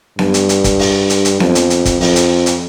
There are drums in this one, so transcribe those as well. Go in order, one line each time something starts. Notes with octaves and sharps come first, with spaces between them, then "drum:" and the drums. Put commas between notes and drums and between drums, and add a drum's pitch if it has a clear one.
G2, drum: snare B3
drum: hi-hat
drum: hi-hat
drum: kick, hi-hat
drum: open hi-hat
drum: hi-hat
drum: hi-hat
F2, drum: snare B3
drum: hi-hat
drum: hi-hat
drum: kick, hi-hat
F2, drum: open hi-hat
drum: hi-hat
drum: hi-hat